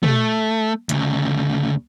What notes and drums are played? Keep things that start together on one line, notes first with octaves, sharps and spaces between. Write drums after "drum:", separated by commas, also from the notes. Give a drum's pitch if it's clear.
A3, drum: tom
D2 C#3, drum: hi-hat